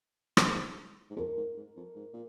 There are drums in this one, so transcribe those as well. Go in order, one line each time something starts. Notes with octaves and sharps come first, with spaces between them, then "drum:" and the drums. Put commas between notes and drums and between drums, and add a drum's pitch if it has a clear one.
G#2, drum: rim click
G#2
F2 A#4
G#2
G#2
F2
G#2
A#2